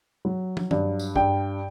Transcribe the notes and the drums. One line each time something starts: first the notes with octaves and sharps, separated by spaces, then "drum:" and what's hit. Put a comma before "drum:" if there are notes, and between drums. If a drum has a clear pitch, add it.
F#3
drum: tom
G2, drum: tom
drum: tambourine
G2 G5, drum: kick